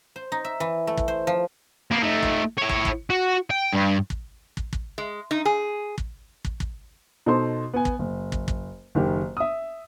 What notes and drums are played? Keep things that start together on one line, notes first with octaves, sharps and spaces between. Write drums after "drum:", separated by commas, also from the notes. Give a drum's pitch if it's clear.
C5
D#4
E5
E3
A3
drum: kick
C5
F3
A#3 B3
A3 D#4
drum: kick
E4 C#5
drum: kick
drum: kick
F#4
G5
G2
drum: kick
drum: kick
drum: kick
G#3
D#4
G#4
drum: kick
drum: kick
drum: kick
B2 D#4 A4 C5 C6
B3 G#5
drum: kick
F#1
drum: kick
drum: kick
F#1 D#3 G4
E5 D#6